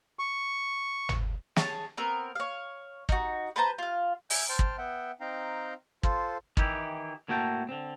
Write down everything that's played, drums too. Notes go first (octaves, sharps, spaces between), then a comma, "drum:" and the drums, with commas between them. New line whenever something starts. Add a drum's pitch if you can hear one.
C#6
drum: tom
G#4 C#5 A5, drum: snare
B3 C4 A#4
C#5 F5
D#4 F#4, drum: kick
B4 C5 A5 A#5
F4 F5
E5 G#5 G6, drum: open hi-hat
C5 G5 A5 F6
drum: kick
B3 E5 F#5 G5
C4 D#4 F5 G5 A#5
F4 A4 C5, drum: kick
D#3 E3 E4 G4, drum: kick
A2 A#3 F#4 A4 G5
D3 C4